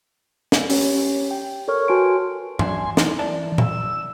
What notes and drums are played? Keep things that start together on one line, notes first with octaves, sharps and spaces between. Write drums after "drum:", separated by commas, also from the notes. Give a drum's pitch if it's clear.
drum: snare
C#4 G4 C#5, drum: open hi-hat
G5
A4 A#4 C#5 C#6 F6
F#4 B4 G#5 A5 C6 D7
F#2 D4 G#5 C6, drum: tom G#2
E3 D#4, drum: snare
D5 A5
E6, drum: tom A#2